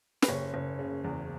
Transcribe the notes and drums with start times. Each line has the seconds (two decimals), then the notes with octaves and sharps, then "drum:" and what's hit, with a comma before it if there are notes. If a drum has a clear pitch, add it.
0.22 B4, drum: snare
0.28 F#1 C#5
0.54 F#1
0.79 C#3
1.04 E2